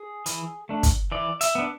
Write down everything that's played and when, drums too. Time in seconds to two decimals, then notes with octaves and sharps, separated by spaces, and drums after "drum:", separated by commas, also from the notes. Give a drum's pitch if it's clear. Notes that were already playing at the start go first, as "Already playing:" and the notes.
Already playing: G#4
0.26 E3, drum: hi-hat
0.69 A3 D4
0.83 drum: kick, hi-hat
1.12 E3 D5
1.41 E5, drum: hi-hat
1.55 B3 D4